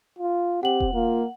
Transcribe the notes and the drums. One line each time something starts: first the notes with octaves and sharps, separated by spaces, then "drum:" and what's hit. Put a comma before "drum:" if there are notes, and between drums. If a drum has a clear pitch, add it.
F4
C4 G4 F#5 F#7
drum: kick E1
A#3 F4